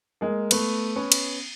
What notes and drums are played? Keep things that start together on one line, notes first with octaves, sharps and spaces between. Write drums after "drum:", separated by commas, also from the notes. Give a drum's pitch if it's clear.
G#3 A#3
A3 B3, drum: cymbal
B3 C#4
drum: cymbal